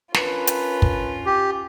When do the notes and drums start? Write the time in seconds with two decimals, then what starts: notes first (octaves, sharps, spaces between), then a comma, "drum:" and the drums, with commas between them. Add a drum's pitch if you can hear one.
0.14 C#4 D4 F4 A#4 B4, drum: snare
0.47 drum: hi-hat
0.82 drum: kick
1.26 G4